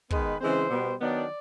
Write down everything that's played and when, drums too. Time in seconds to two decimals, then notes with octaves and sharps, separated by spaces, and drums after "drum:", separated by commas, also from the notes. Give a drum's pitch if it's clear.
0.10 D#3 G#3 B3 B4, drum: kick
0.40 C#3 E3 G#3 C4 C5
0.70 B2 G3 B3
1.00 D#3 F#3 B3 D4 D5